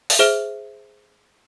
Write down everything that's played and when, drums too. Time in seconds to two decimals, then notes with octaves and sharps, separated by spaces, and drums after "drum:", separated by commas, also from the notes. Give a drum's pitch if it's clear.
0.10 drum: open hi-hat
0.19 G#4 C5 E5 F6 D7 G7